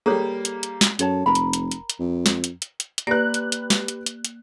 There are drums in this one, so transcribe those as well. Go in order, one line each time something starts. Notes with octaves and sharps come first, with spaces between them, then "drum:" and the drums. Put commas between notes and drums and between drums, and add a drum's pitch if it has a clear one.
G3 A#3 G#4 A4 C#5
drum: hi-hat
drum: hi-hat
drum: snare
F#2 A4 C#5 A5, drum: hi-hat
F1 A#4 A#5 B5
drum: hi-hat
drum: hi-hat
drum: hi-hat
drum: hi-hat
F2
drum: snare
drum: hi-hat
drum: hi-hat
drum: hi-hat
drum: hi-hat
A#3 G4 B4 D5 F#6 A#6
drum: hi-hat
drum: hi-hat
drum: snare
drum: hi-hat
drum: hi-hat
drum: hi-hat